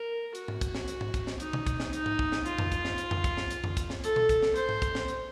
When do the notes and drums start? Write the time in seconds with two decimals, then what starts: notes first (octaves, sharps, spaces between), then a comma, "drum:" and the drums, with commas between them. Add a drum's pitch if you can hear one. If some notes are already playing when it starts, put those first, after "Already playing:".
Already playing: A#4
0.35 F#4, drum: hi-hat
0.48 drum: tom G#2
0.61 drum: kick, hi-hat
0.75 drum: snare
0.88 drum: hi-hat
1.01 drum: tom G#2
1.14 drum: kick, hi-hat
1.27 drum: snare
1.40 D#4, drum: hi-hat
1.53 drum: tom B2
1.67 drum: kick, hi-hat
1.80 drum: snare
1.93 D#4, drum: hi-hat
2.06 drum: tom G#2
2.19 drum: kick
2.32 drum: snare
2.46 F4, drum: hi-hat
2.59 drum: tom F2
2.72 drum: kick, hi-hat
2.85 drum: snare
2.98 drum: hi-hat
3.11 drum: tom F2
3.24 drum: kick, hi-hat
3.37 drum: snare
3.50 drum: hi-hat
3.64 drum: tom F2
3.77 drum: kick, hi-hat
3.90 drum: snare
4.04 A4, drum: hi-hat
4.16 drum: tom B2
4.29 drum: kick, hi-hat
4.42 drum: snare
4.56 C5, drum: hi-hat
4.69 drum: tom G#2
4.82 drum: kick, hi-hat
4.95 drum: snare
5.08 drum: hi-hat